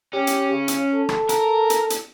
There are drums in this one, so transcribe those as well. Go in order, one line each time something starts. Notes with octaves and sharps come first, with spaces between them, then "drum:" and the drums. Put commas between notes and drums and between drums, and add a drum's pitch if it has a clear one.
C#4 G4
drum: hi-hat
C#3
drum: hi-hat
A4
drum: rim click
A#4, drum: hi-hat
drum: hi-hat
drum: hi-hat